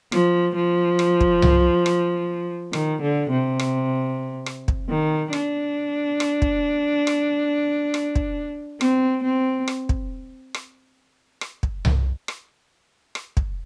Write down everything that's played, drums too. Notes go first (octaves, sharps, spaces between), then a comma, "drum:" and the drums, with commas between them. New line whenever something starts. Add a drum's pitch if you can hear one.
F3, drum: rim click
F3
drum: rim click
drum: kick
drum: tom C2
drum: rim click
D#3, drum: rim click
D3
C3
drum: rim click
drum: rim click
drum: kick
D#3
D4, drum: rim click
drum: rim click
drum: kick
drum: rim click
drum: rim click
drum: kick
C4, drum: rim click
C4
drum: rim click
drum: kick
drum: rim click
drum: rim click
drum: kick
drum: tom C2
drum: rim click
drum: rim click
drum: kick